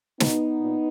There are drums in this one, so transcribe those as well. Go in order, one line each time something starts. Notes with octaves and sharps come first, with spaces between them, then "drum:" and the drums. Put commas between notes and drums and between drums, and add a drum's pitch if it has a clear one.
B2 B3 D#4, drum: snare
A#2